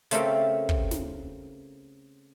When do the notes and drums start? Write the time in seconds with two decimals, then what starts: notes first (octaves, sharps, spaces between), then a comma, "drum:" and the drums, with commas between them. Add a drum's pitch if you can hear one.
0.11 C#3 A3 C4 G4 A4 A#4, drum: hi-hat
0.69 drum: kick
0.91 drum: snare